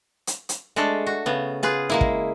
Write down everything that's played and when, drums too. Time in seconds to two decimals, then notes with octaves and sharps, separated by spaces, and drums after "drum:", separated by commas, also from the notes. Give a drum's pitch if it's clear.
0.27 drum: hi-hat
0.49 drum: hi-hat
0.76 G#3 A3 D4 A4
1.07 F#4
1.26 C#3 B3
1.63 F4 G#4 B4
1.90 G#3 A#3 E4
2.01 drum: kick